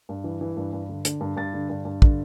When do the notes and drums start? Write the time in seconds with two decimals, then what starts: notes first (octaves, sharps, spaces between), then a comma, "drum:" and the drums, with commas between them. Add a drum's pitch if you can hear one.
0.09 G2
0.24 E3
0.41 E3
0.57 G2
0.73 G2
0.89 D3
1.05 D3, drum: hi-hat
1.21 G2
1.37 G2 A6
1.54 D3
1.70 G2
1.85 G2
2.02 D3, drum: kick